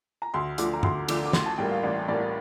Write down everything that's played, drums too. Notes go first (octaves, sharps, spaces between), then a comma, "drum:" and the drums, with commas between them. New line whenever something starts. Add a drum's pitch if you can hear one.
A#5
D2 C6
D3 F3 A3 D6, drum: hi-hat
A#5
D2 C6, drum: tom
D3 F3 A3 D6, drum: cymbal
D6
A1 C6, drum: snare
A5
A2 G3 A#3 G5
F5
A1 D5
A2 G3 A#3 D5